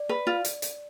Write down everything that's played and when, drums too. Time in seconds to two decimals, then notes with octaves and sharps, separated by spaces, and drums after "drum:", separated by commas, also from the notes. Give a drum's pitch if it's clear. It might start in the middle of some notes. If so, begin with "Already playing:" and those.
Already playing: D5
0.09 B4
0.27 F4
0.45 drum: hi-hat
0.62 drum: hi-hat